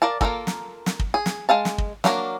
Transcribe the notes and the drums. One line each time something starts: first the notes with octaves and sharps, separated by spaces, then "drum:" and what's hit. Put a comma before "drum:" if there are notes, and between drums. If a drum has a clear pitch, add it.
A#4 D5 F5 A5
A#3 C#4 F4 A4 A#4, drum: kick
drum: snare
drum: snare
drum: kick
G#4
drum: snare
G#3 G#4 F5 A5
drum: snare
drum: kick
F#3 A#3 D4 A#4, drum: snare